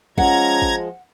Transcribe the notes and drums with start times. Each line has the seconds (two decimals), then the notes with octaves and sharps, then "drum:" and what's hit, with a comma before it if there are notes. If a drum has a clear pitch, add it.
0.18 F3 G#3 C#4 F#5 A#5 G#6, drum: kick
0.62 drum: kick